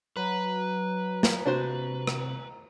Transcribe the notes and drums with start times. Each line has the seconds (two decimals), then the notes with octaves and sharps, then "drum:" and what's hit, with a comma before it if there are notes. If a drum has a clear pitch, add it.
0.17 F#3 B4 A#5
1.23 drum: snare
1.46 C3 D4 F#4 C5
2.07 drum: rim click